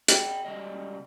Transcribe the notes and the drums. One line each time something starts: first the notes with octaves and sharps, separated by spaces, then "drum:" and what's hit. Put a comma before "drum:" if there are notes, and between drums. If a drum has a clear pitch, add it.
G#4 D#5 G5, drum: hi-hat
C#2 G3 D#5